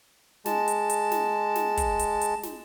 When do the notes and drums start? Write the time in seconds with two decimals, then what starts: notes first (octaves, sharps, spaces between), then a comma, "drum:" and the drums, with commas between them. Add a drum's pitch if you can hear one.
0.46 G#3 A5, drum: snare
0.68 drum: hi-hat
0.90 drum: hi-hat
1.12 drum: snare
1.55 drum: snare
1.77 drum: kick, hi-hat
1.99 drum: hi-hat
2.21 drum: hi-hat
2.43 drum: snare